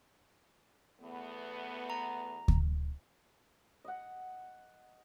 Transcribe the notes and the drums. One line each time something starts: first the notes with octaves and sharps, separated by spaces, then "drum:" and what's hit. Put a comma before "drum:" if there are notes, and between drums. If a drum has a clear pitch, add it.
E2 A3 B3
A#5
drum: kick D2
D#5 F#5